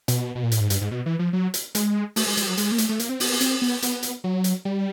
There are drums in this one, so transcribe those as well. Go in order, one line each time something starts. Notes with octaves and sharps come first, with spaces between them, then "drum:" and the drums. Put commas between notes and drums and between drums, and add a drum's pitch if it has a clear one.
B2, drum: hi-hat
B2
A#2
A2, drum: hi-hat
G#2
G2, drum: hi-hat
G#2
B2
E3
F3
F#3
drum: hi-hat
G#3, drum: hi-hat
A3, drum: open hi-hat
G#3
G#3, drum: hi-hat
G3
F#3
G#3, drum: hi-hat
A#3
A3, drum: hi-hat
A3
A#3, drum: hi-hat
C4
B3, drum: open hi-hat
C4, drum: hi-hat
B3
B3, drum: hi-hat
drum: hi-hat
F#3
drum: hi-hat
G3